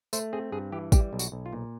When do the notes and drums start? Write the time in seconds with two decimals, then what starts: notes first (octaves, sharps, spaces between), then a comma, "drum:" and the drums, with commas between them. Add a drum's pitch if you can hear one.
0.13 A3 C5, drum: tambourine
0.33 C4 G#4
0.52 G2 G#4
0.72 E3 G4
0.92 G3 G4, drum: kick, tambourine
1.13 B1
1.19 F#4, drum: tambourine
1.32 B1
1.46 F4
1.53 A#2